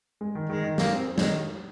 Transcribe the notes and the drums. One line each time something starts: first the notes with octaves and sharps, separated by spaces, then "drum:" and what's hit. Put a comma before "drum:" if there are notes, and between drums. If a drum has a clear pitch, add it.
G#3
D#3
D#3 G#3
D#3
G#3 A#3, drum: snare
C4
C4
D#3 G#3, drum: snare